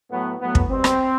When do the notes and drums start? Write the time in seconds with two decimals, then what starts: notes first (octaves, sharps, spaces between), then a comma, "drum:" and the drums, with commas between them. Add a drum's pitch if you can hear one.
0.11 A2 F#3 A3 B3
0.40 A2 F#3 A3 B3
0.55 drum: kick
0.69 B2 G3 C4
0.84 drum: rim click